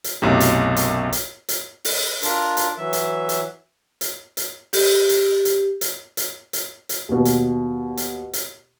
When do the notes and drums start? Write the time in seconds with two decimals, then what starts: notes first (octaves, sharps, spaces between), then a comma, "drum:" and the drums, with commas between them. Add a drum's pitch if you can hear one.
0.04 drum: hi-hat
0.22 B1 F#2 A2 C3
0.40 drum: hi-hat
0.76 drum: hi-hat
1.12 drum: hi-hat
1.49 drum: hi-hat
1.85 drum: open hi-hat
2.23 D4 F4 A#4, drum: hi-hat
2.57 drum: hi-hat
2.77 E3 F#3 E5
2.93 drum: hi-hat
3.29 drum: hi-hat
4.01 drum: hi-hat
4.37 drum: hi-hat
4.73 G4, drum: open hi-hat
5.09 drum: hi-hat
5.45 drum: hi-hat
5.81 drum: hi-hat
6.17 drum: hi-hat
6.53 drum: hi-hat
6.89 drum: hi-hat
7.09 D#2 B2
7.25 drum: hi-hat
7.97 drum: hi-hat
8.33 drum: hi-hat